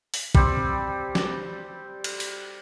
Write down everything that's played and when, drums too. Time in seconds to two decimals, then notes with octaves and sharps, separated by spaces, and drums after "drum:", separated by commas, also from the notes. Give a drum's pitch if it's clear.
0.14 drum: open hi-hat
0.35 G3 C4, drum: kick
1.15 drum: snare
2.04 drum: cymbal
2.20 drum: open hi-hat